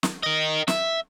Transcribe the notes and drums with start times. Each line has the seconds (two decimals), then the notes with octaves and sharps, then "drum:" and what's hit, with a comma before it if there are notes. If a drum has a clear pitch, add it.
0.03 drum: snare
0.23 A#4 D#5
0.68 E5, drum: snare